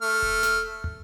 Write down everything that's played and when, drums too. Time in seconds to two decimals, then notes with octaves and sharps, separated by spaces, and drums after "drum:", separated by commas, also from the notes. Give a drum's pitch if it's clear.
0.02 A3 F6
0.22 drum: kick E1
0.43 drum: snare
0.84 drum: tom